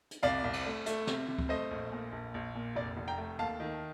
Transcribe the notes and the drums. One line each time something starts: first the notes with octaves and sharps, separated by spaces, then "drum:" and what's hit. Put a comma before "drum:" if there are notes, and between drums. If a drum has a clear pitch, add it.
drum: hi-hat
C2 D5 F5
C2
drum: cymbal
A3
A3, drum: hi-hat
C3, drum: snare
C3
drum: kick C#2
A3 C5 D#5
A#1
A#2
A#1
A#1
A#2
F1 D5
F1
G5 A#5
A3
D#2 F5 A5
D#3